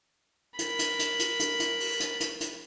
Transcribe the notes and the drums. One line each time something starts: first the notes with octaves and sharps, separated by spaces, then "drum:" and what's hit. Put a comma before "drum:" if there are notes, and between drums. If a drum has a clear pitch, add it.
A#4 B5, drum: hi-hat
drum: hi-hat
drum: hi-hat
drum: hi-hat
drum: hi-hat
drum: hi-hat
drum: open hi-hat
drum: hi-hat
drum: hi-hat
drum: hi-hat